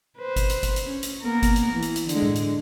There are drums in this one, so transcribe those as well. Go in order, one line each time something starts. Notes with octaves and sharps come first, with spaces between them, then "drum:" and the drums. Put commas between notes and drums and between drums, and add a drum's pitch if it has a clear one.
B4 C5
drum: kick G1, hi-hat
drum: hi-hat
drum: kick G1, hi-hat
drum: hi-hat
C#4
drum: hi-hat
A#3 B3 A#4
drum: kick G1, hi-hat
drum: hi-hat
E3
drum: hi-hat
drum: hi-hat
D3 G#3, drum: hi-hat
drum: tom A2
drum: hi-hat